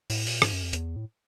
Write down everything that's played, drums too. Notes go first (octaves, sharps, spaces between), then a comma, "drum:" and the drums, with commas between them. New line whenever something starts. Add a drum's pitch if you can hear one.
A2, drum: open hi-hat
A#2, drum: open hi-hat
G#2, drum: rim click
F#2
F2
E2, drum: hi-hat
A2